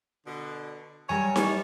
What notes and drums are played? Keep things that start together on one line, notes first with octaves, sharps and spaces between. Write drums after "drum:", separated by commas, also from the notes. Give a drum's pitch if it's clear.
B2 D3
F#3 G3 A#4 C#5 G#5
G4 C#6, drum: snare D#4